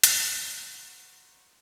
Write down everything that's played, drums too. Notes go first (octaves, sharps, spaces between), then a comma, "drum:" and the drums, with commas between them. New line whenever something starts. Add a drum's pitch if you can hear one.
C5 F#5 A#5 C#6, drum: hi-hat